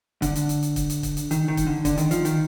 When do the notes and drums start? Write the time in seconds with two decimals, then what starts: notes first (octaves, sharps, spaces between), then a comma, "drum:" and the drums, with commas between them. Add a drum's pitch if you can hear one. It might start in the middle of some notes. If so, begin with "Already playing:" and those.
0.22 D3, drum: kick C#1, hi-hat
0.36 drum: hi-hat
0.49 drum: hi-hat
0.63 drum: hi-hat
0.76 drum: kick C#1, hi-hat
0.90 drum: hi-hat
1.03 drum: kick C#1, hi-hat
1.17 drum: hi-hat
1.31 D#3, drum: hi-hat
1.48 D#3
1.57 drum: kick C#1, hi-hat
1.67 D3
1.85 D3, drum: kick C#1, hi-hat
1.98 D#3, drum: hi-hat
2.11 F3, drum: hi-hat
2.25 D#3, drum: hi-hat